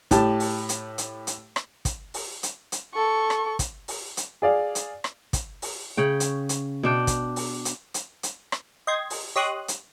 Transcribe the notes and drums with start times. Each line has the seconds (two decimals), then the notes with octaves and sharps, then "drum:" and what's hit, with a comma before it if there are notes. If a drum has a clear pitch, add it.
0.11 A2 G4 A5, drum: kick, hi-hat
0.40 drum: open hi-hat
0.69 drum: hi-hat
0.98 drum: hi-hat
1.27 drum: hi-hat
1.56 drum: rim click
1.85 drum: kick, hi-hat
2.14 drum: open hi-hat
2.43 drum: hi-hat
2.72 drum: hi-hat
2.94 A4 C#6
3.30 drum: rim click
3.59 drum: kick, hi-hat
3.88 drum: open hi-hat
4.17 drum: hi-hat
4.42 G#4 D5 F5
4.75 drum: hi-hat
5.04 drum: rim click
5.33 drum: kick, hi-hat
5.62 drum: open hi-hat
5.97 C#3 C#5 G5
6.20 drum: hi-hat
6.49 drum: hi-hat
6.83 B2 D4 G5
7.07 drum: kick, hi-hat
7.36 drum: open hi-hat
7.65 drum: hi-hat
7.94 drum: hi-hat
8.23 drum: hi-hat
8.52 drum: rim click
8.87 D#5 G5 C6 G#6
9.10 drum: open hi-hat
9.36 G4 C#5 D#5 C6 D#6 F#6
9.68 drum: hi-hat